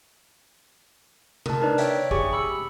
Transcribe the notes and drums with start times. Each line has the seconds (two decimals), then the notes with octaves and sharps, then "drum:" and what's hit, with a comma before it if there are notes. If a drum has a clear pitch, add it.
1.46 A#4 A5, drum: tom C3
1.61 D4 D#4 B4 D5
1.78 C#5 E5 G5, drum: hi-hat
2.11 G4 G#4 G#5 C#6, drum: kick
2.33 B5 E6 C#7